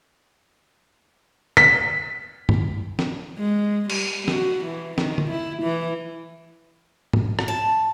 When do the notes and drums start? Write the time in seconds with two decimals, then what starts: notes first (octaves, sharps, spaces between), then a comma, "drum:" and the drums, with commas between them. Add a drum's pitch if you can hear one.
1.57 B6, drum: tom D3
2.49 drum: tom G2
2.99 drum: snare
3.39 G#3
3.90 G3, drum: cymbal
4.28 F#4, drum: snare
4.65 E3
4.98 D#3, drum: snare
5.18 drum: tom D3
5.30 E4
5.63 E3
7.13 drum: tom G#2
7.39 drum: rim click
7.48 A5